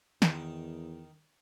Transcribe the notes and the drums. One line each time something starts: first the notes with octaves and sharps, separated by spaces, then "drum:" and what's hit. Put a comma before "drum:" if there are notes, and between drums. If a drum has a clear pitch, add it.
E2 D#3, drum: snare